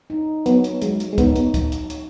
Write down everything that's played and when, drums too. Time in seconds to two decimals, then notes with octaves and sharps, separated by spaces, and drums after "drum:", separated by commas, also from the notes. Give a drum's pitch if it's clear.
0.10 D#4
0.46 F#3 B3, drum: hi-hat
0.64 drum: hi-hat
0.82 F#3 G#3, drum: hi-hat
1.00 drum: hi-hat
1.13 G#3
1.18 B3 D#4, drum: kick, hi-hat
1.36 B3, drum: hi-hat
1.54 drum: kick, hi-hat
1.72 drum: hi-hat
1.90 drum: hi-hat